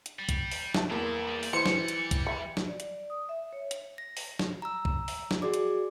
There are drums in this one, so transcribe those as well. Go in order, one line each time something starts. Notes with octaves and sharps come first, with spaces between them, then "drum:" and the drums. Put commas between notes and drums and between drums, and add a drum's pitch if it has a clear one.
drum: hi-hat
G3
drum: kick, hi-hat
drum: open hi-hat
E3 A5, drum: snare
E2 A3 A#3 E4
G3
drum: open hi-hat
E3 C5 C#7
drum: snare
drum: hi-hat
drum: kick, hi-hat
E5 B5
drum: snare
D5
drum: hi-hat
D#6
E5
C#5
drum: hi-hat
A#6
drum: open hi-hat
drum: snare
A#5 E6
drum: kick
drum: open hi-hat
drum: snare
F#4 G#4 D5 D6
drum: hi-hat